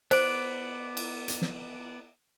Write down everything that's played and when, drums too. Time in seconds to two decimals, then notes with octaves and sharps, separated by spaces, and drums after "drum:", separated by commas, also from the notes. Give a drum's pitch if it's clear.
0.11 B3 C5 D5, drum: cymbal
0.97 drum: cymbal
1.28 drum: hi-hat
1.42 drum: snare